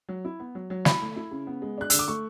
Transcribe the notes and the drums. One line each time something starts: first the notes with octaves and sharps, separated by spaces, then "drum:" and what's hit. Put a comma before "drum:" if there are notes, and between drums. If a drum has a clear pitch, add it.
F#3
E4
B3
F#3
F#3
E4 B5, drum: snare
A3
E4
C#3
B3
G#3
D4 F#6
D3 E6, drum: hi-hat
D6
A3 C#6